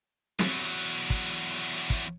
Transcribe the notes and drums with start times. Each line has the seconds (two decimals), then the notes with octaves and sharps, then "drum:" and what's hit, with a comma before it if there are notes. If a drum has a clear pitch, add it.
0.39 E2 F#3, drum: snare
1.10 drum: kick
1.90 drum: kick